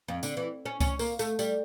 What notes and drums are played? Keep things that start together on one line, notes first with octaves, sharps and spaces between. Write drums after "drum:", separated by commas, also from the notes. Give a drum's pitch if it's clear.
F2
D3, drum: tambourine
E3
C#4
C#4, drum: kick C#2, tambourine
A#3, drum: tambourine
A3, drum: tambourine
G3, drum: tambourine